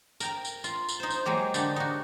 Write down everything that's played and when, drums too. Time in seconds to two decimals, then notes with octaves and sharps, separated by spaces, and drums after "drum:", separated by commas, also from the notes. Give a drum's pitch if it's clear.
0.20 A#4 G5 A#5, drum: tambourine
0.45 drum: tambourine
0.64 F4, drum: tambourine
0.89 drum: tambourine
1.00 D#4 C5
1.10 drum: tambourine
1.25 F#3 G#3 A#3 G4
1.54 D3 D#4 G4, drum: tambourine
1.76 D#4 F#4